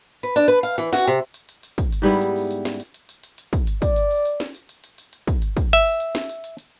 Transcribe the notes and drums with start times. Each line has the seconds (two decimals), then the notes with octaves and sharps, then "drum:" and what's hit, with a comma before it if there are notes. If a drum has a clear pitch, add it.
0.23 B4
0.36 D4
0.48 B4, drum: hi-hat
0.63 F5, drum: open hi-hat
0.78 E3, drum: hi-hat
0.93 F#4, drum: snare
1.08 C3, drum: hi-hat
1.34 drum: hi-hat
1.49 drum: hi-hat
1.63 drum: hi-hat
1.78 drum: kick, hi-hat
1.92 drum: hi-hat
2.02 G#2 G3 B3 E4
2.22 drum: hi-hat
2.36 drum: open hi-hat
2.51 drum: hi-hat
2.65 drum: snare
2.80 drum: hi-hat
2.94 drum: hi-hat
3.09 drum: hi-hat
3.24 drum: hi-hat
3.38 drum: hi-hat
3.53 drum: kick, hi-hat
3.67 drum: hi-hat
3.82 D5, drum: kick, hi-hat
3.96 drum: hi-hat
4.11 drum: open hi-hat
4.26 drum: hi-hat
4.40 drum: snare
4.55 drum: hi-hat
4.69 drum: hi-hat
4.84 drum: hi-hat
4.98 drum: hi-hat
5.13 drum: hi-hat
5.27 drum: kick, hi-hat
5.42 drum: hi-hat
5.57 drum: kick, hi-hat
5.73 E5, drum: hi-hat
5.86 drum: open hi-hat
6.00 drum: hi-hat
6.15 drum: snare
6.29 drum: hi-hat
6.44 drum: hi-hat
6.59 drum: hi-hat